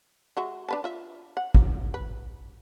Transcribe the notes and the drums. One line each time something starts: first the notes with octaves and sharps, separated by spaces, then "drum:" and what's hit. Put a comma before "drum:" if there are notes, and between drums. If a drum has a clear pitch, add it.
G#3 F#4 E5
D4 B4 A5
F4 E5
F#5
A#3, drum: kick
B4